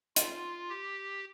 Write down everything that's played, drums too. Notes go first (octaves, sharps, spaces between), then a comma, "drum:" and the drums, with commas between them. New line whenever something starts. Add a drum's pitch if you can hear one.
F4, drum: hi-hat
G4